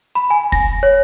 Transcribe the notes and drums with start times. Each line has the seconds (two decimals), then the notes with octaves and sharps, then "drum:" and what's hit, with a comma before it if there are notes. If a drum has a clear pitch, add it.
0.15 B5
0.30 G#5
0.52 A#6, drum: kick
0.83 C#5